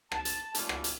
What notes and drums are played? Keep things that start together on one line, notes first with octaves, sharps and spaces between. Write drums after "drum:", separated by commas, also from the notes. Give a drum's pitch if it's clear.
A5, drum: rim click
drum: hi-hat
G3 A3 A#3 C#4 F4 A4, drum: hi-hat
drum: rim click
drum: hi-hat